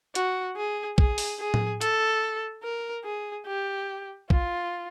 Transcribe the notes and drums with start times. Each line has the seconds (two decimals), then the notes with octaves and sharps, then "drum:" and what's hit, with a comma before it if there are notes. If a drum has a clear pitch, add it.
0.15 F#4, drum: hi-hat
0.57 G#4
0.98 G#4, drum: kick B1
1.18 drum: open hi-hat
1.40 G#4
1.54 drum: tom A2
1.81 A4, drum: hi-hat
2.63 A#4
3.05 G#4
3.47 G4
4.30 F4, drum: kick B1